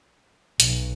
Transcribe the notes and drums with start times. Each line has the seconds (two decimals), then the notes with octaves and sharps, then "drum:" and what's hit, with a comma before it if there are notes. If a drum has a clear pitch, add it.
0.60 B1, drum: hi-hat